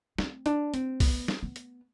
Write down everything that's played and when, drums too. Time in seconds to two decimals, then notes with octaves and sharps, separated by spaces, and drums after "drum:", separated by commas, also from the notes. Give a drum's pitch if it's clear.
0.19 C4, drum: snare
0.46 D4, drum: hi-hat
0.74 C4, drum: hi-hat
1.00 B3, drum: kick C2, open hi-hat
1.28 drum: snare
1.43 B3
1.56 drum: hi-hat